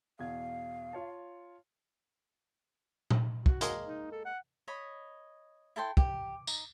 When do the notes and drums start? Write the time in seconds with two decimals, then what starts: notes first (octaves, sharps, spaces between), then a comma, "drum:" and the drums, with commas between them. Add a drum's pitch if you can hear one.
0.19 E2 B2 F5 G#6
0.93 F4 C#5 A5
3.10 drum: tom A#2
3.46 F#4, drum: kick
3.61 G#3 A#3, drum: hi-hat
3.86 D#4
4.12 A4
4.25 F#5
4.68 C#5 D#5 B5
5.76 E4 A4 G5 C6
5.97 G4, drum: kick
6.47 D#4, drum: tambourine